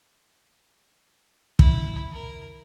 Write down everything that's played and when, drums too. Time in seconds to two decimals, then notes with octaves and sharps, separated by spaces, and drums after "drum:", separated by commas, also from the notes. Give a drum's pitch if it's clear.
1.59 E4, drum: kick
2.13 A#4